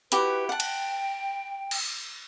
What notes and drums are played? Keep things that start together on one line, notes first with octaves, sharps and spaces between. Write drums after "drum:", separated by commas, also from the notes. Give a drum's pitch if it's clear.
E4 F#4 G4 B4, drum: hi-hat
F#5 G5 A5
drum: cymbal
drum: cymbal